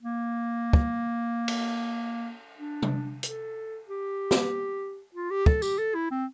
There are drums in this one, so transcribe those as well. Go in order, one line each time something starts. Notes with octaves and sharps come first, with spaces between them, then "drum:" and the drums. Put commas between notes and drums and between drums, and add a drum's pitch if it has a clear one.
A#3
drum: kick
drum: cymbal
D4
drum: tom C3
A4, drum: hi-hat
G4
drum: snare
F4
G4
A4, drum: kick
G4, drum: tambourine
A4
E4
C4